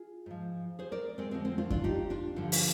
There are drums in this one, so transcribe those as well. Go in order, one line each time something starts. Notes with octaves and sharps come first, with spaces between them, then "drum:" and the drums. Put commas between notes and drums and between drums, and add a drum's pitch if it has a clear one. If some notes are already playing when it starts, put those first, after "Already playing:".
Already playing: F4 G#4
G#2 F3
G#4 C5
A#4 D5
G#3 C4
F2 D3 F3 G#3 C4
G#3 C4
D4 F4
D4 F4, drum: kick F#2
D#4 G4
D4 F4
G2 D3 F3
drum: open hi-hat